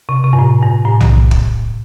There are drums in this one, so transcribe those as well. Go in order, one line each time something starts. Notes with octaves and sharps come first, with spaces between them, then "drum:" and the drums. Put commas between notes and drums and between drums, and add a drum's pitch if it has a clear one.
C3
C3
G2
A2
G2
A2
drum: tom B1
drum: kick